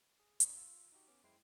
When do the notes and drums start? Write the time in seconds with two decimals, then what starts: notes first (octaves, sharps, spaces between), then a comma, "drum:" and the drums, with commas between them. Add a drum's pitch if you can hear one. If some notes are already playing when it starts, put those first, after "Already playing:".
0.20 G#4
0.40 A#1 D4 D#5 B5 C#6 D#6, drum: hi-hat
0.56 F4 E6
0.92 D#4 F#4 G4
1.07 B3 C#4 D6
1.24 F#2 G#3 E4 C5 G5 C7